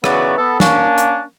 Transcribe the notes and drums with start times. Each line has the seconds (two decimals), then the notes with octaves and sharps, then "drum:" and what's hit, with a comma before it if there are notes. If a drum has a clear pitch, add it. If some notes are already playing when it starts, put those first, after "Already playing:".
0.04 C#3 E3 F#3 B3 F#4 D5, drum: rim click
0.38 B3 A4
0.60 A#3 C#4 D4, drum: snare
0.98 drum: hi-hat